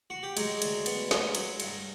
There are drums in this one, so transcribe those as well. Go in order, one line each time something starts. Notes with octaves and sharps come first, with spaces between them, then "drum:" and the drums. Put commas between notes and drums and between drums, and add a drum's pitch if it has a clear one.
F#4
G4
F#3 G#3 G#4, drum: cymbal
D2, drum: cymbal
B3, drum: cymbal
F#3, drum: snare
F#3, drum: cymbal
G2, drum: cymbal